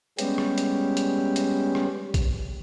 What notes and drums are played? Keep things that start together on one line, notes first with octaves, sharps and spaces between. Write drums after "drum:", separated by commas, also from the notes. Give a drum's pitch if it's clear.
G3 G#3 B3 C#4 G4, drum: hi-hat
drum: rim click
drum: hi-hat
drum: hi-hat
drum: hi-hat
drum: rim click
drum: kick, hi-hat